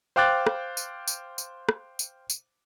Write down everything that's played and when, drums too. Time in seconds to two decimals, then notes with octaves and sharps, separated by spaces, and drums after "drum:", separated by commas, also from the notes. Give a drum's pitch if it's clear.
0.16 C5 F5 G5 D6 F#6 A6
0.47 drum: rim click
0.77 drum: tambourine
1.08 drum: tambourine
1.38 drum: tambourine
1.69 drum: rim click
1.99 drum: tambourine
2.30 drum: tambourine